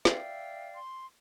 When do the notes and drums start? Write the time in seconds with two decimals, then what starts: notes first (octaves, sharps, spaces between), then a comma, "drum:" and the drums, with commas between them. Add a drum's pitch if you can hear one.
0.05 D5 E5 F5 G5, drum: snare
0.74 C6